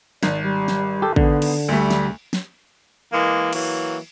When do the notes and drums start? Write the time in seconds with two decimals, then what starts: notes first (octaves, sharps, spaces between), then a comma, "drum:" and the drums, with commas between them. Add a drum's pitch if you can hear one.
0.23 G#1 D5, drum: snare
0.42 G3
0.68 drum: snare
1.02 G4 A4
1.16 D3 B3, drum: kick
1.42 drum: cymbal
1.68 D2 G3 A3
1.90 drum: snare
2.33 drum: snare
3.12 E3 G#3 A#3
3.53 E3 F#3 A#3, drum: cymbal